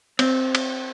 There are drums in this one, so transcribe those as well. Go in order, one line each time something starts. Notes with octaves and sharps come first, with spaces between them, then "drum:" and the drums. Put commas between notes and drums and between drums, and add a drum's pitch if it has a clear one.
C4, drum: cymbal
drum: cymbal